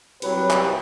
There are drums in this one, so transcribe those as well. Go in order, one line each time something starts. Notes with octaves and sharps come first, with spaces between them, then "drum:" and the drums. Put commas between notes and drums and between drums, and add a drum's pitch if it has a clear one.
C2 F#3 G4 B4, drum: cymbal
drum: clap